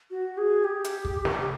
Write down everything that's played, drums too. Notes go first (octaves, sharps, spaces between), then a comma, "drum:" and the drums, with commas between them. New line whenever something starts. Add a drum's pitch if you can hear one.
F#4
G#4
G4
drum: hi-hat
drum: kick
drum: snare